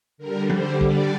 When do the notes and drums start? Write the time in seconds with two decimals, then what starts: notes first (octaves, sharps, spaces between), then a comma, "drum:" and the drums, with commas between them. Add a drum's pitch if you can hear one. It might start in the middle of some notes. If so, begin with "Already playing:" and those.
0.18 D3 G3 A#4
0.50 C5, drum: tom F3
0.81 D5, drum: kick